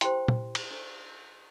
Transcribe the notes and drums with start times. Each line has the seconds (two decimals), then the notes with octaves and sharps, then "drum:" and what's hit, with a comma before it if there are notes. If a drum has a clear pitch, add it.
0.01 E4 G4 C5 G5 C6, drum: hi-hat
0.28 drum: tom
0.55 drum: cymbal
0.71 D4 A4 C5